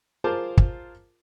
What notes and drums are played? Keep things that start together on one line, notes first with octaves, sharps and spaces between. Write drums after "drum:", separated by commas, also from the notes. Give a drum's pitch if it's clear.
F4 G#4 A#4 C5 A5 D6
drum: kick